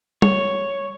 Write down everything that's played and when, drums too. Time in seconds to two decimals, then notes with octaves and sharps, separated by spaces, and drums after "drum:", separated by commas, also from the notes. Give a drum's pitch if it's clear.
0.22 C#5, drum: tom